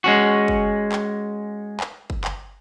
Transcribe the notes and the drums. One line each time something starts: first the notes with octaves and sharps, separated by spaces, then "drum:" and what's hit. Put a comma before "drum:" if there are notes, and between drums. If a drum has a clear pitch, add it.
G#3 C#4 F#4
drum: kick
drum: clap
drum: clap
drum: kick
drum: clap